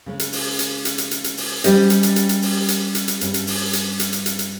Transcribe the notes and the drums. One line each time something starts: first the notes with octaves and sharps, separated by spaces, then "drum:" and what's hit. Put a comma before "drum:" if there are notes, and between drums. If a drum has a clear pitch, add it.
C#3 G#3 C#4
drum: hi-hat
drum: open hi-hat
drum: hi-hat
drum: hi-hat
drum: hi-hat
drum: hi-hat
drum: hi-hat
drum: open hi-hat
G3 C#4 G4 C5 D#5, drum: hi-hat
drum: hi-hat
drum: hi-hat
drum: hi-hat
drum: hi-hat
drum: open hi-hat
drum: hi-hat
drum: hi-hat
drum: hi-hat
G2 G3 C#4, drum: hi-hat
drum: hi-hat
drum: open hi-hat
drum: hi-hat
drum: hi-hat
drum: hi-hat
drum: hi-hat
drum: hi-hat